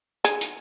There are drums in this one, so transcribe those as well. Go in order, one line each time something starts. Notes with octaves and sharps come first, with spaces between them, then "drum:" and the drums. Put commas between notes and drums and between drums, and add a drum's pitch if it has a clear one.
G#4, drum: hi-hat
drum: hi-hat